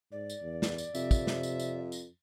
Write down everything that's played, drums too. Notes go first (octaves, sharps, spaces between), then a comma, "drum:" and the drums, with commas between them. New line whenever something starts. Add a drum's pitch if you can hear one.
G#2 D5
drum: tambourine
E2
drum: snare
drum: tambourine
F2 C3 E5, drum: tambourine
drum: kick, tambourine
drum: snare
drum: tambourine
drum: tambourine
drum: tambourine